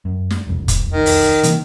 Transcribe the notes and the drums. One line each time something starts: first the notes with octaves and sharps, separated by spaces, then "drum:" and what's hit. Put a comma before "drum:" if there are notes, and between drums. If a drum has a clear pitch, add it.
F#2
drum: snare
E1 C2 F2
drum: kick, hi-hat
D#3
drum: open hi-hat
C3 E3 A#3, drum: hi-hat